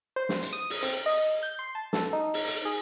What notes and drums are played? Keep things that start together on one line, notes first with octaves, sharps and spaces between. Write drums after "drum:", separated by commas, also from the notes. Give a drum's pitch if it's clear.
C5
drum: snare
drum: hi-hat
D#6
drum: open hi-hat
C4, drum: hi-hat
D#5
G6
C6
A5
A4, drum: snare
D#4
drum: open hi-hat
drum: hi-hat
G#4